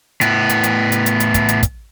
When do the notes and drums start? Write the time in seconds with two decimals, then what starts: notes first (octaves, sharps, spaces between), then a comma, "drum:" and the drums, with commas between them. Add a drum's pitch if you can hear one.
0.21 A2 B3, drum: hi-hat
0.49 drum: hi-hat
0.64 drum: hi-hat
0.92 drum: hi-hat
1.06 drum: hi-hat
1.20 drum: hi-hat
1.34 drum: kick, hi-hat
1.49 drum: hi-hat
1.63 drum: kick, hi-hat